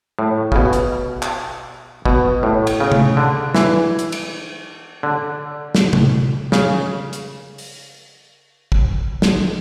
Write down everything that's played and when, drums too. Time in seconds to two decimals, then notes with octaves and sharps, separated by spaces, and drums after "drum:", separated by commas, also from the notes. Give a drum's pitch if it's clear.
0.19 A2
0.52 C#3, drum: kick
0.56 B2
0.73 drum: hi-hat
1.22 drum: clap
2.05 B2, drum: kick
2.43 A2
2.67 drum: cymbal
2.80 C#3
2.92 drum: tom C3
3.17 D3
3.55 E3, drum: snare
3.99 drum: hi-hat
4.12 drum: cymbal
5.03 D3
5.75 drum: snare
5.93 drum: tom C3
6.52 C#3, drum: snare
7.13 drum: hi-hat
7.58 drum: open hi-hat
8.72 drum: kick
9.22 drum: snare